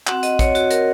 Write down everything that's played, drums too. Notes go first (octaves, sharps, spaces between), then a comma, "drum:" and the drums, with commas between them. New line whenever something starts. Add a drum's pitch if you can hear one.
C4 F#4 F#5, drum: clap
D#5, drum: hi-hat
C#5, drum: kick, hi-hat
F#4, drum: hi-hat
A#4, drum: hi-hat